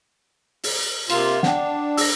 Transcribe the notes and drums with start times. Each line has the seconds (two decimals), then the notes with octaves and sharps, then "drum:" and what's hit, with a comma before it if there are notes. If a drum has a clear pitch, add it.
0.63 drum: open hi-hat
1.10 C3 A#3 F4, drum: cymbal
1.43 D4 F#5 G5, drum: snare
1.97 E6 A#6, drum: open hi-hat